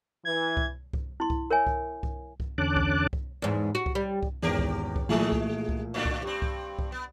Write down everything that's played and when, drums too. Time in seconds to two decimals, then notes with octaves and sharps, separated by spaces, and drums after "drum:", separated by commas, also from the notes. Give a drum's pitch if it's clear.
0.25 E3 G#6
0.57 drum: kick C2
0.93 drum: kick C2
1.20 E4 C6
1.30 drum: kick C2
1.50 A#4 C#5 E5 G#5
1.67 drum: kick C2
2.03 drum: kick C2
2.40 drum: kick C2
2.58 E2 D3 C#4 A5 D6 F#6
2.76 drum: kick C2
3.13 drum: kick C2
3.42 E2 G#2
3.75 F#4
3.86 drum: kick C2
3.95 G3
4.23 drum: kick C2
4.42 G#1 E2 C#4 G4 A#4
4.59 drum: kick C2
4.96 drum: kick C2
5.09 A#2 E3 F3 G#3 A3 G#4
5.32 drum: kick C2
5.69 drum: kick C2
5.94 A2 D3 D4
6.05 drum: kick C2
6.23 G2 C4 G4
6.42 drum: kick C2
6.79 drum: kick C2
6.92 B3